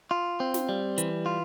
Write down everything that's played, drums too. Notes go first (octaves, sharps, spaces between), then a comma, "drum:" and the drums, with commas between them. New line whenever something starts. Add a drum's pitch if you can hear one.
F4
C4
drum: snare
G3
E3, drum: hi-hat
F4